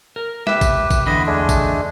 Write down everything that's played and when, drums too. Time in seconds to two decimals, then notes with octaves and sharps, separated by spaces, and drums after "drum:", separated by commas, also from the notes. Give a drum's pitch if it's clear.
0.16 A#4
0.47 G4 B4 E5, drum: snare
0.61 drum: kick, tambourine
0.90 drum: kick, tambourine
1.06 E2 D3 D#5 B5
1.26 G#3 A3 D4
1.49 drum: kick, tambourine